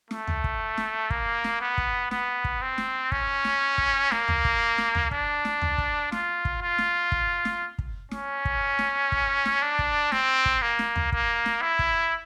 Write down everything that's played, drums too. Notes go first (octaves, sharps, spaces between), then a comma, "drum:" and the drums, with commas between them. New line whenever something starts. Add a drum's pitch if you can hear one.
A3, drum: snare
drum: tom
drum: kick
drum: snare
A#3, drum: kick
drum: snare
B3
drum: kick
B3, drum: snare
drum: kick
C4
drum: snare
C#4, drum: kick
drum: snare
drum: kick
A#3, drum: snare
drum: tom
drum: kick
drum: snare
drum: tom
D4, drum: kick
drum: snare
drum: tom
drum: kick
F4, drum: snare
drum: kick
F4
drum: snare
drum: kick
drum: snare
drum: kick
C#4, drum: snare
drum: kick
drum: snare
drum: kick
drum: snare
D4
drum: kick
C4, drum: snare
drum: kick
A#3
drum: snare
drum: tom
A#3, drum: kick
drum: snare
E4
drum: kick